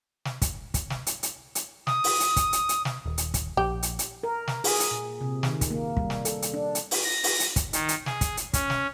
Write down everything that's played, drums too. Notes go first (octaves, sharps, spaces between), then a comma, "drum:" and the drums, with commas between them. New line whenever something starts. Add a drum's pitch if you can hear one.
drum: snare
drum: kick, hi-hat
drum: kick, hi-hat
drum: snare
drum: hi-hat
drum: hi-hat
drum: hi-hat
D#6, drum: snare
drum: open hi-hat
drum: hi-hat
drum: kick, hi-hat
drum: hi-hat
drum: hi-hat
drum: snare
D#1
drum: hi-hat
drum: kick, hi-hat
A#1 G4
drum: hi-hat
drum: hi-hat
A#4
drum: snare
G#4, drum: open hi-hat
drum: hi-hat
A#2
C3
D#3, drum: snare
drum: kick, hi-hat
A#3
G3, drum: kick
drum: snare
A4, drum: hi-hat
drum: hi-hat
D4
drum: hi-hat
drum: open hi-hat
A#6
drum: open hi-hat
drum: hi-hat
drum: kick, hi-hat
D#3, drum: hi-hat
drum: hi-hat
G#4, drum: snare
drum: kick, hi-hat
drum: hi-hat
C#4, drum: kick, hi-hat
drum: snare